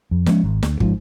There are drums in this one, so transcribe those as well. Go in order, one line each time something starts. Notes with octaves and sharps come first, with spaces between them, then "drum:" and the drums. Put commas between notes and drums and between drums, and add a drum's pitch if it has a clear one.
F2
F3 G#3 A3 C#4, drum: snare
G#1
D2, drum: snare
G#2 F3, drum: kick